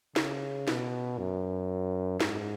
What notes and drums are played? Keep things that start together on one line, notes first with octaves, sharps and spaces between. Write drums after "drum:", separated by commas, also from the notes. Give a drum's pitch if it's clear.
C#3, drum: snare
B2, drum: snare
F#2
G#2, drum: snare